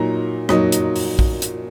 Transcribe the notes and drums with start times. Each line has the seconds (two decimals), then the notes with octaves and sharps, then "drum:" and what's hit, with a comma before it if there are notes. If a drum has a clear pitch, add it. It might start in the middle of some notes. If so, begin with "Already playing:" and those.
Already playing: A#2 F#3 D#4 A#5
0.49 A#2 F#3 D#4 D#6, drum: rim click
0.72 drum: hi-hat
0.96 drum: open hi-hat
1.19 drum: kick A#1
1.42 drum: hi-hat